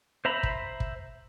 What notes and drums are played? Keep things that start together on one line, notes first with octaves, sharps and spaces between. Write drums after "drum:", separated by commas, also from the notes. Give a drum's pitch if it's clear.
C5 E5 A#5 B5
drum: kick
drum: kick